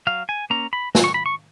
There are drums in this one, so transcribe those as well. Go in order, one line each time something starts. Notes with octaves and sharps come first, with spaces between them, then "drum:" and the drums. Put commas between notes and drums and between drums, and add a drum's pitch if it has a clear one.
F#3 F5
G#5
A#3 C#4 A#5
B5
F#3, drum: snare
C#6
B5
C#6